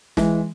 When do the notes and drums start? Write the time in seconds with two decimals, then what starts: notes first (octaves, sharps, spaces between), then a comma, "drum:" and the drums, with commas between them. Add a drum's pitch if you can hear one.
0.17 E3 G#3, drum: snare